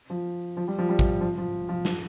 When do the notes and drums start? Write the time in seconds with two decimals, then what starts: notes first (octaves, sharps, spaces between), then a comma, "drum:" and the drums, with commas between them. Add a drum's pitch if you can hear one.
0.10 F3
0.57 F3
0.68 G3
0.78 F3
0.89 G3
0.99 drum: kick
1.21 F3
1.38 F3
1.69 F3
1.85 F3, drum: snare